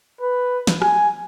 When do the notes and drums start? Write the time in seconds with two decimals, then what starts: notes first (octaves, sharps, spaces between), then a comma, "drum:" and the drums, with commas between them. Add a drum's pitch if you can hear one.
0.21 B4
0.67 drum: snare
0.82 G#5, drum: rim click